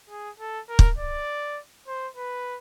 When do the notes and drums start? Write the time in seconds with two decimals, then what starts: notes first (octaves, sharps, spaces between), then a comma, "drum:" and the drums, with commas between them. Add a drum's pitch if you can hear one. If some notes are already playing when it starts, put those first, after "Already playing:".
0.10 G#4
0.40 A4
0.69 A#4
0.79 drum: kick
0.98 D5
1.88 C5
2.17 B4